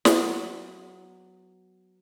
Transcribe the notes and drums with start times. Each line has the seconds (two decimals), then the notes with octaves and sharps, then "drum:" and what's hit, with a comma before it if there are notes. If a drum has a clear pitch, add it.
0.05 F#3 B3, drum: snare